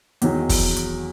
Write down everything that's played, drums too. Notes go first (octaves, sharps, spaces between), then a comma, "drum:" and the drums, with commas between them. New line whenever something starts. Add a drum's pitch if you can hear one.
E2 D#3 F#3, drum: hi-hat
drum: kick, open hi-hat
drum: hi-hat